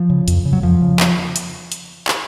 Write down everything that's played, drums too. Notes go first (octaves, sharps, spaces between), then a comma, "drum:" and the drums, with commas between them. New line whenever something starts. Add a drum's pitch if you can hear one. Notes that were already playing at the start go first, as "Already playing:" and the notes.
Already playing: F3
C#3
F2, drum: hi-hat
C#3
F#3
F2 F3
C#3
drum: clap
drum: hi-hat
drum: hi-hat
drum: clap